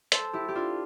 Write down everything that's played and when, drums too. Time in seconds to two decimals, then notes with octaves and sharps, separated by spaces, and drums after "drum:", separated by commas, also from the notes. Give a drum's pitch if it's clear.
0.12 A4 C5, drum: hi-hat
0.33 E4 G4
0.48 G4
0.55 D4 F4